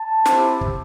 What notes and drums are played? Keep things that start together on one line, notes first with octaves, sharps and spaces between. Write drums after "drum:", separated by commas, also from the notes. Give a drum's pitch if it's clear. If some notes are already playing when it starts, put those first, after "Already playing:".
Already playing: A5
C4 E4 G4, drum: snare
drum: kick